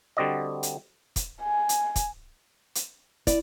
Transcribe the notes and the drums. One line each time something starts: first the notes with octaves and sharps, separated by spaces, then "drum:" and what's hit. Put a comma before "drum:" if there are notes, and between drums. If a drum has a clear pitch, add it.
D3 G3 C4 F#4 D5 D#5
drum: hi-hat
drum: kick, hi-hat
G#5
drum: hi-hat
drum: kick, hi-hat
drum: hi-hat
E4 D5, drum: kick, hi-hat